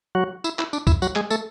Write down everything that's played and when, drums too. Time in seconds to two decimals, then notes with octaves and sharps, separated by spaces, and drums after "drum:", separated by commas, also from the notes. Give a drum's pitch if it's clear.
0.15 F#3 F#4
0.44 E4, drum: tambourine
0.59 E4, drum: clap
0.73 D4, drum: tambourine
0.87 E4, drum: kick C#2, tambourine
1.02 F#3 F#4, drum: tambourine
1.16 G#3 G#4, drum: clap
1.30 A3 A4, drum: tambourine